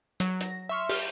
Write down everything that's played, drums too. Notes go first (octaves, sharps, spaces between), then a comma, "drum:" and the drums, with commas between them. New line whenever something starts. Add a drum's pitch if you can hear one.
F#3, drum: hi-hat
A#6, drum: hi-hat
E5 C6 C#6 F6
G4 F6, drum: open hi-hat